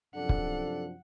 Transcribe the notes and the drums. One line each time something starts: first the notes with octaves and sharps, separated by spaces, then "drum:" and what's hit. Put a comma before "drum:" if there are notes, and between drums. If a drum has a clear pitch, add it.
F#2 C3 F3 D4 A4 F#5
drum: kick